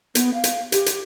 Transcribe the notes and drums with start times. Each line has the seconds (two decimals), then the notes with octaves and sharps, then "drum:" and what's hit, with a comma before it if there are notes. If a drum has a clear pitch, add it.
0.15 B3, drum: hi-hat
0.34 F5
0.44 drum: hi-hat
0.72 G4, drum: hi-hat
0.86 drum: hi-hat